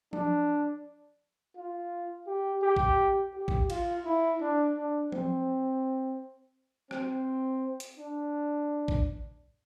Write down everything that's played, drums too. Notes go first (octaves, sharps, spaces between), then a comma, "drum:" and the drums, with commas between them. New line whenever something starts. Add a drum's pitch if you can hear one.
D4, drum: tom F3
F4
G4
G4
drum: kick
G4
drum: kick
F4, drum: cymbal
E4
D4
D4
C4, drum: tom F3
C4, drum: rim click
drum: hi-hat
D4
drum: kick